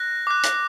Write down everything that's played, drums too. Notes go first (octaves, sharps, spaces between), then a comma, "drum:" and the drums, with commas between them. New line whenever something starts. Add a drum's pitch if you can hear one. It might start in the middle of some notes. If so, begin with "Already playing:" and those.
Already playing: F#6 A#6
D6 F#6
drum: hi-hat